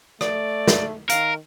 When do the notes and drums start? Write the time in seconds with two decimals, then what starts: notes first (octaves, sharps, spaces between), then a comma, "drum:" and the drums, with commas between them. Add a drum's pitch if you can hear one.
0.21 A3 D5, drum: rim click
0.68 drum: snare
1.09 D#3 A#4 F5, drum: hi-hat